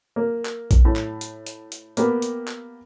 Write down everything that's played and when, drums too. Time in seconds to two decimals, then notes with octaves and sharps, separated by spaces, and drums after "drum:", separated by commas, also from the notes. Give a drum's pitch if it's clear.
0.16 A#3
0.45 drum: clap
0.71 drum: kick A#1, hi-hat
0.85 A2
0.96 drum: clap
1.21 drum: hi-hat
1.47 drum: hi-hat
1.72 drum: hi-hat
1.97 A#3 B3 G4, drum: hi-hat
2.22 drum: hi-hat
2.48 drum: clap